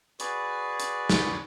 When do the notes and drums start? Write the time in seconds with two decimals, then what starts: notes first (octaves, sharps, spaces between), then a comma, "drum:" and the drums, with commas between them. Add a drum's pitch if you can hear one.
0.20 F#4 G#4 B4 D5, drum: hi-hat
0.80 drum: hi-hat
1.10 drum: snare